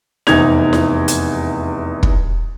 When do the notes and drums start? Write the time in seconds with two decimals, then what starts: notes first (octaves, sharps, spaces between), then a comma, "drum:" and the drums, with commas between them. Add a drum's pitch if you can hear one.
0.27 F1 E2 C3 D#4 G#6 F7, drum: snare E4
0.73 drum: snare E4
1.08 drum: hi-hat
2.03 drum: kick